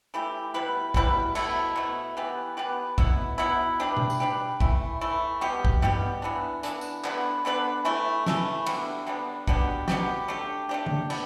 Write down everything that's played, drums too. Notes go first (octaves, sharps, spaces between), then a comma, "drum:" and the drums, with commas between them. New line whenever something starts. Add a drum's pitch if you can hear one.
E3 A3 E4 G4
B2 G3 E4 B4
B2 G3 E4 B4, drum: kick
B2 A3 E4, drum: cymbal
B2 A3 E4
E3 B3 G4 B4
E3 B3 G4 B4
B2 B3 E4, drum: kick
B2 B3 E4
G3 D4 G4 B4
drum: tom B2
drum: tambourine
G3 D4 G4 B4
E3 A3 E4, drum: kick
E3 A3 E4
B2 G3 B3 G4
drum: kick
B2 G3 B3 G4, drum: tom G2
E3 B3 D4
E3 B3 D4, drum: hi-hat
drum: tambourine
D3 B3 D4 B4, drum: clap
D3 B3 D4 B4
E3 A3 E4
E3 A3 E4, drum: snare
D3 G3 B3 D4, drum: cymbal
D3 G3 B3 D4
B2 B3 D4 G4, drum: kick
B2 B3 D4 G4, drum: snare
A3 D4 G4
A3 D4 G4
drum: tom D3
B3 D4 G4, drum: cymbal